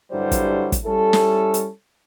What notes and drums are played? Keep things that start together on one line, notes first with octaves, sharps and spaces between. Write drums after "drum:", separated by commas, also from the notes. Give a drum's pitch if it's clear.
G2 D3 F#3 G3 E4 C5
drum: kick, hi-hat
drum: kick, hi-hat
G3 C#4 E4 A4
drum: snare
drum: hi-hat